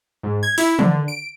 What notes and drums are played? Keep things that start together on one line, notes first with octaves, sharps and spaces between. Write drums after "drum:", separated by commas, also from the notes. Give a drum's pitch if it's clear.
G#2
G#6
E4, drum: open hi-hat
D3, drum: tom
D7